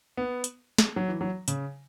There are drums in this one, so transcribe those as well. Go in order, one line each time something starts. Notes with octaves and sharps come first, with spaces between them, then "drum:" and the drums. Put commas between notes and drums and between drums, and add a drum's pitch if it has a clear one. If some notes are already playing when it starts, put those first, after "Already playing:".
B3
drum: hi-hat
drum: snare
F#3
E3
F#3
C#3, drum: hi-hat